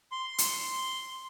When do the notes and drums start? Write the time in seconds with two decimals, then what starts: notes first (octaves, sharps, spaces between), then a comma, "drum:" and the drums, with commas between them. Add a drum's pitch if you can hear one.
0.12 C6
0.38 drum: hi-hat